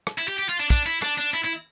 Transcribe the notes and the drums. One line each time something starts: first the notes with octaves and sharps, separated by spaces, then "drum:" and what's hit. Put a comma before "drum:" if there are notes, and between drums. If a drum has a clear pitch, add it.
drum: rim click
E4
G4
G4
F4
D4
D4, drum: kick, hi-hat
E4
D4, drum: rim click
D4
E4, drum: hi-hat
E4